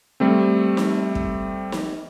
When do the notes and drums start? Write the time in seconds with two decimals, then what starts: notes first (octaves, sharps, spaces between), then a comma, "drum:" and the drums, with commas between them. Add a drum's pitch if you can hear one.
0.20 G3 A3 C4
0.77 drum: snare
1.15 drum: kick
1.72 drum: snare